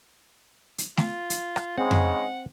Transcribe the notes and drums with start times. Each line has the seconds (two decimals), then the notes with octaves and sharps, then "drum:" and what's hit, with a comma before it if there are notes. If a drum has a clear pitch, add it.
0.78 drum: hi-hat
0.97 F4, drum: snare A3
1.30 drum: hi-hat
1.56 drum: rim click
1.78 G#2 C#3 G#3 C4 F#5
1.91 drum: tom F2